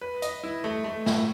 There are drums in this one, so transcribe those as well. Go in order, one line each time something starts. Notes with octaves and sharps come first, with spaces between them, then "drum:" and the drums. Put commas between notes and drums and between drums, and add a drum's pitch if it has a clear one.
B4
D#5, drum: hi-hat
E4
A3
A3
A2, drum: snare